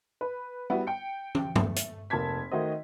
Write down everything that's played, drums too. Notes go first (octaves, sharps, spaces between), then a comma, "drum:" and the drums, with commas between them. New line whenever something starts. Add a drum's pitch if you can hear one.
B4
G3 B3 E4 F#4
G5 C#7
drum: tom
A3, drum: tom G2
drum: hi-hat
F1 A#3 A5 G#6 B6
D#3 A3 D#4 F#4 C5 D#5